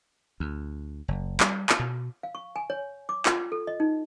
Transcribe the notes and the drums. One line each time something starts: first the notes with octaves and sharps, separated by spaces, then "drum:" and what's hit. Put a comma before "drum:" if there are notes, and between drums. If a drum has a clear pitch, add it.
D2
F#1
G3, drum: clap
drum: clap
B2
F5
C#6
G#5
C#5
D6
F4, drum: clap
A4
D#5
D#4